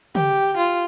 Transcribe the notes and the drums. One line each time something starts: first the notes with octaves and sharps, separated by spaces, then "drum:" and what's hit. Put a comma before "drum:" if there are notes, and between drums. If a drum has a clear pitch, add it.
G4, drum: tom C#3
F4